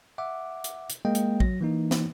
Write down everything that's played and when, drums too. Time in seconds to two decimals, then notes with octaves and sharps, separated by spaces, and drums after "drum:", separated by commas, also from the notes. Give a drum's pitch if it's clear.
0.18 E5 F#5 D6
0.64 drum: hi-hat
0.90 drum: hi-hat
1.05 G#3 A#3 D#5 G5
1.15 drum: hi-hat
1.40 F#3 A#6, drum: kick
1.61 E3 A#3 D#4
1.91 drum: snare